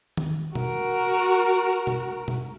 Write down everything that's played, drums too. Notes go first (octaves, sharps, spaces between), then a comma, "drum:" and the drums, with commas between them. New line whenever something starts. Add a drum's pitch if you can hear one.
drum: tom D#3
F#4 A#4, drum: tom B2
drum: tom B2
drum: tom B2